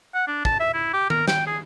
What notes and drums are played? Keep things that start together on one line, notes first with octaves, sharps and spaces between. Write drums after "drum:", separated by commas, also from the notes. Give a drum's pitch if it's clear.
F#5
D4
A5, drum: kick
E5
E4
G4
A#4, drum: tom D#3
G5, drum: snare
G#4